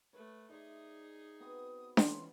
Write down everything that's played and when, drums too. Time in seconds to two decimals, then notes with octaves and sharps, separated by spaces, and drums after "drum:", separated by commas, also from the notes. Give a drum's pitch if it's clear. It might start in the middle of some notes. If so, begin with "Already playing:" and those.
0.13 A3 B4 C#5
0.50 D#4 G#4 C5 D5 E5
1.40 B3 C4 F#4 D#6
1.97 E3 C#4 D#4 C6, drum: snare D4